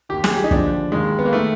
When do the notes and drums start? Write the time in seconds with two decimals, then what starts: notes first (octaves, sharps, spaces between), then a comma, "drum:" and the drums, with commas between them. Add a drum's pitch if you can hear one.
0.09 D#2 D#3 G4
0.24 G#4, drum: snare
0.37 G4
0.44 D#4
0.51 D#2 D3 F3 D4, drum: kick
0.92 D#2 D#3 G#3
1.19 B3
1.26 A#3
1.33 D#3 A3